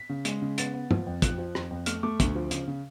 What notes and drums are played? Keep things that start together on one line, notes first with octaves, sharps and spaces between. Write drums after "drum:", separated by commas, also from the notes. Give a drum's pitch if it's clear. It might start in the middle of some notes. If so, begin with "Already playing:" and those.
Already playing: B6
C#3
G#3, drum: hi-hat
C#3
B3 A6, drum: hi-hat
B3
F3, drum: tom
F2
F3 F#6, drum: kick, hi-hat
F3
F2, drum: rim click
F2
A3 F6, drum: hi-hat
A3 D6
D2, drum: kick, hi-hat
F3
C#3, drum: hi-hat
C#3